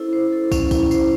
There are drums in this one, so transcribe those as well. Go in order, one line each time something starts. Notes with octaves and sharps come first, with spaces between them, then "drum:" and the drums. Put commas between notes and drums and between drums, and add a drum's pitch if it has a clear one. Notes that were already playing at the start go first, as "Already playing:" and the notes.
Already playing: C#4 E4 A4 C5
C5
A4
C#4, drum: kick, tambourine
E4, drum: kick, tambourine
C5, drum: tambourine